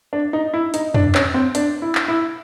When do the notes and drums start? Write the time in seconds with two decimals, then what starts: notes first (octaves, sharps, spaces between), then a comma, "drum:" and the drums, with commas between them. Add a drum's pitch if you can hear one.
0.13 D4
0.33 D#4
0.54 E4
0.74 D#4, drum: hi-hat
0.94 D4, drum: tom
1.15 C#4, drum: clap
1.34 C4
1.55 D4, drum: hi-hat
1.82 E4
1.95 drum: clap
2.08 E4